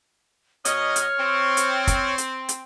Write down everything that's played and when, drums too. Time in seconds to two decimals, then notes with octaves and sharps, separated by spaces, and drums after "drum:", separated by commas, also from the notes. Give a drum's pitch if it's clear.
0.65 B2 C#5 D#5 C#6 F6, drum: hi-hat
0.96 drum: hi-hat
1.19 C4
1.57 drum: hi-hat
1.87 drum: kick, hi-hat
2.18 drum: hi-hat
2.49 drum: hi-hat